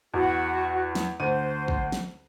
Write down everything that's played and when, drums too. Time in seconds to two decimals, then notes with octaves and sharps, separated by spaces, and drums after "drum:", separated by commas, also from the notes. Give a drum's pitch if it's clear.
0.14 E2 F#4
0.95 drum: snare
1.20 D2 C5 D#7
1.68 drum: kick
1.92 drum: snare